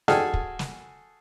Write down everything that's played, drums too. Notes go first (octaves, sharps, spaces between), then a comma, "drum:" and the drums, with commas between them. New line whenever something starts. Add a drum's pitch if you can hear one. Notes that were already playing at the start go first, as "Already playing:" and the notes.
F#4 G#4 A4 G5 G#5 F6, drum: snare
drum: kick
drum: snare